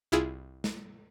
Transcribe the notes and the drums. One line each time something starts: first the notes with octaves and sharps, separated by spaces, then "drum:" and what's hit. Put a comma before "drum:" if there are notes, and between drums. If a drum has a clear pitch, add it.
C2 E4 F4 G#4 E6
drum: snare